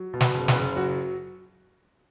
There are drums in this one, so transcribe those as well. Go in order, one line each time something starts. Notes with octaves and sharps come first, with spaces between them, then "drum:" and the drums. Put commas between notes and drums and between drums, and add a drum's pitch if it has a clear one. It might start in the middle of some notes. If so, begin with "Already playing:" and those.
Already playing: F#3
B2
B4, drum: snare
F#1
B4, drum: snare
F#1
F#3 F#4